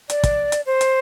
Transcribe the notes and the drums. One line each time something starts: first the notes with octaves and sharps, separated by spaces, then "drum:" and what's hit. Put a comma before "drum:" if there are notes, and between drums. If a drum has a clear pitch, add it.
D5, drum: hi-hat
drum: kick, hi-hat
drum: hi-hat
C5
drum: hi-hat